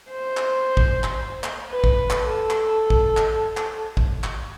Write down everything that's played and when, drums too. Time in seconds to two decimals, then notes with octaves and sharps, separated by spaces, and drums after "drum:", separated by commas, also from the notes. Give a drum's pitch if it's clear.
0.10 C5
0.37 drum: clap
0.77 drum: kick
1.04 drum: clap
1.44 drum: clap
1.70 B4
1.84 drum: kick
2.10 drum: clap
2.24 A4
2.50 drum: clap
2.90 drum: kick
3.17 drum: clap
3.57 drum: clap
3.97 drum: kick
4.24 drum: clap